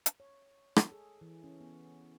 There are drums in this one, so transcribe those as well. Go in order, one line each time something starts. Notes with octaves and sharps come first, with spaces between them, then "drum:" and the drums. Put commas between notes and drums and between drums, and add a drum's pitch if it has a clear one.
drum: hi-hat
C#5
A4, drum: rim click
G#4
E3
C#4
B3